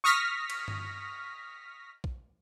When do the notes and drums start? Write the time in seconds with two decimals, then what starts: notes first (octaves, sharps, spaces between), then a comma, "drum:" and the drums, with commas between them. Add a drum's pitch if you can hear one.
0.04 C#6 D#6 F6 A#6 B6
0.50 drum: cymbal
0.68 drum: tom G2
2.04 drum: kick A#1